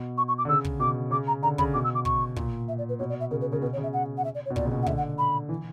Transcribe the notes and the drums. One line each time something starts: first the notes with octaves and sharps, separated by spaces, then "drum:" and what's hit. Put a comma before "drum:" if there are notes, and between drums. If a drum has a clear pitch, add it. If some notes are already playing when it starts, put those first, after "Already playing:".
Already playing: B2
C#6
C#6
D6
D3
C#3 E6
drum: kick
B2 D6
C#3 D6
A#5
D3 A#5
C#3 B5, drum: kick
B2 D6
E6
D6
C#6, drum: kick
A#2, drum: kick
E5
D5
B4
B2 C#5
D5
E5
C#3 A#4
B4
C#3 A#4
B2 B4
C#5
C#3
E5
F#5
F#5
E5
D5
C#5
B2
A#2 D5, drum: kick
C#3
B2
F#5
D3 E5, drum: kick
F#5
B5
E3